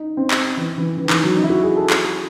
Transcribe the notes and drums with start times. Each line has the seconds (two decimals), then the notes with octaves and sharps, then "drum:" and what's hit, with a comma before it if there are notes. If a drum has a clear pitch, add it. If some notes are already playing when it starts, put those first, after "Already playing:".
Already playing: D#4
0.17 C4
0.31 drum: clap
0.57 E3
0.78 E3
0.97 E3
1.05 D#3
1.10 E3, drum: clap
1.23 F#3
1.36 D#4
1.44 E4
1.50 F#4
1.63 G#4
1.76 A4
1.90 drum: clap